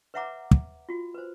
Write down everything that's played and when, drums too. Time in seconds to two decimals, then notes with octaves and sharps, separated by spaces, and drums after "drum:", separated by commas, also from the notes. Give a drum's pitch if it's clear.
0.14 B4 C#5 E5 F#5 A#5 D6
0.51 drum: kick
0.89 F4 F#4
1.14 B4 C5